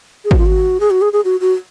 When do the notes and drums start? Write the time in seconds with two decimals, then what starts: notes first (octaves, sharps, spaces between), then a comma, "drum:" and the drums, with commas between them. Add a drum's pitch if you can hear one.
0.25 G#4
0.31 F#4, drum: kick G#1
0.38 F4
0.46 F#4
0.80 G#4
0.91 F#4
1.02 G#4
1.13 G#4
1.25 F#4
1.41 F#4